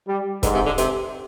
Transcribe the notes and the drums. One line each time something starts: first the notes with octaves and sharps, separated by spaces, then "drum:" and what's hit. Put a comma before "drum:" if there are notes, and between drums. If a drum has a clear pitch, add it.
G3
G#2 D3, drum: kick, hi-hat
C3
D3
C3, drum: hi-hat